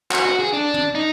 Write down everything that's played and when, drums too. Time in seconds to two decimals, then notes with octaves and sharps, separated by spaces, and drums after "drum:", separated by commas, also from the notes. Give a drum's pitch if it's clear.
0.11 F#4, drum: clap
0.25 F#4
0.39 G#4
0.53 D4
0.74 drum: tom
0.95 D#4